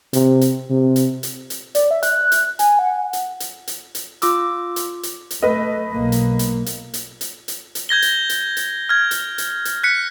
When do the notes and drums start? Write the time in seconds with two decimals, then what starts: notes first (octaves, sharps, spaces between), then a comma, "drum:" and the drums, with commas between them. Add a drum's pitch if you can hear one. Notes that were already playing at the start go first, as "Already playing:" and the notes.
0.13 C3, drum: hi-hat
0.41 drum: hi-hat
0.70 C3
0.96 drum: hi-hat
1.23 drum: hi-hat
1.50 drum: hi-hat
1.75 D5, drum: hi-hat
1.91 E5
2.03 F#6, drum: hi-hat
2.32 drum: hi-hat
2.59 G#5, drum: hi-hat
2.79 F#5
3.13 drum: hi-hat
3.40 drum: hi-hat
3.67 drum: hi-hat
3.95 drum: hi-hat
4.22 F4 D6 E6, drum: hi-hat
4.76 drum: hi-hat
5.03 drum: hi-hat
5.31 drum: hi-hat
5.42 A3 B4 D#5
5.93 B1 A#3
6.12 drum: hi-hat
6.39 drum: hi-hat
6.66 drum: hi-hat
6.94 drum: hi-hat
7.21 drum: hi-hat
7.48 drum: hi-hat
7.75 drum: hi-hat
7.89 G6 G#6 A#6 G7
8.02 drum: hi-hat
8.29 drum: hi-hat
8.57 drum: hi-hat
8.89 F6 G#6
9.11 drum: hi-hat
9.38 drum: hi-hat
9.65 drum: hi-hat
9.83 F#6 B6 C#7